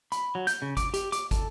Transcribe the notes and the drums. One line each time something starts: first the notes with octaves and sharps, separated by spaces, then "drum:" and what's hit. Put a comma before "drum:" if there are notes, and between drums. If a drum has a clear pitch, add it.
B5, drum: hi-hat
F#3
G6, drum: hi-hat
C#3
D6, drum: kick, hi-hat
G4, drum: hi-hat
D6, drum: hi-hat
A4, drum: kick, hi-hat